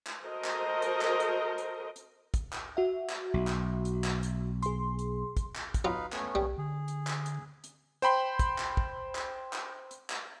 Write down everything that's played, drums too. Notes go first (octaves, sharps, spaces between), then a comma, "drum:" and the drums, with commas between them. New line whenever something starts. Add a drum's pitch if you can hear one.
drum: clap
F#4 A4 A#4 C5 D#5
drum: clap
drum: hi-hat
drum: clap
drum: hi-hat
drum: hi-hat
drum: hi-hat
drum: kick, hi-hat
drum: clap
F#4 E5
drum: clap
B1
drum: clap
drum: hi-hat
drum: clap
drum: hi-hat
G#4 C6, drum: hi-hat
drum: hi-hat
drum: kick, hi-hat
drum: clap
drum: kick, hi-hat
F#3 D#4 F4 B4 F5
A3 B3 C#4, drum: clap
B1 G3
D3 G#4
drum: hi-hat
drum: clap
drum: hi-hat
drum: hi-hat
C5 G5 B5 C6, drum: hi-hat
drum: kick, hi-hat
drum: clap
drum: kick
drum: clap
drum: clap
drum: hi-hat
drum: clap